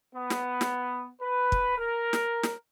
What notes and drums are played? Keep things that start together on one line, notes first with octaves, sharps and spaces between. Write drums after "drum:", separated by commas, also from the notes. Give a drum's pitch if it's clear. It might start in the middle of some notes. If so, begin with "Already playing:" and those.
B3
drum: snare
drum: snare
B4
drum: kick
A#4
drum: snare
drum: snare